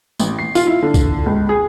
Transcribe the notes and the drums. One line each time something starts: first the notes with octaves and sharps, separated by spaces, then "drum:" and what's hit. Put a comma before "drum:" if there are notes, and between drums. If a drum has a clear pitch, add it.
A1, drum: tambourine
C7
F4, drum: tambourine
E4
D3
drum: kick, tambourine
C#2
G#4